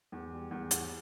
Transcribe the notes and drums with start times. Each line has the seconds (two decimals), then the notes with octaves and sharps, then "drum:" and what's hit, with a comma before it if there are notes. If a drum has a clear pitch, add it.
0.12 E2
0.32 G3
0.51 E2
0.71 E2, drum: hi-hat